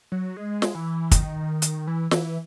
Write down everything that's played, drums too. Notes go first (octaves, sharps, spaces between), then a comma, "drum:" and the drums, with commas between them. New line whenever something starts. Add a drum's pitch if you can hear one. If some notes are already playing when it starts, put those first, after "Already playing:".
F#3
G#3
drum: snare
E3
D#3, drum: kick, hi-hat
drum: hi-hat
E3
E3, drum: snare